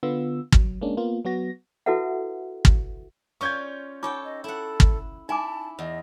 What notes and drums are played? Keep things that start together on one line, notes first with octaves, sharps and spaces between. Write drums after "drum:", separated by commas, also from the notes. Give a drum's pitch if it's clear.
D3 B3 F4 E6
F#3, drum: kick
G#3 A#3 C#4 D4
A#3 B3 F4
F#3 B3 F#4 A#6
E4 F#4 A4 B4 E5 F#5
drum: kick
C#4 F4 D5 C#6 G6 G#6
D#4 F4 A4 C#5 G5 D6
D#5
E4 A4 F#5
drum: kick
D#4 E4 G#5 A5 D6
E2 D#5